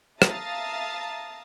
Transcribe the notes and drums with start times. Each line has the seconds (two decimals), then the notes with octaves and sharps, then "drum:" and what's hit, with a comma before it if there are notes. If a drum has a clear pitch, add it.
0.22 E5 F5 A5 A#5 D#6 A6, drum: rim click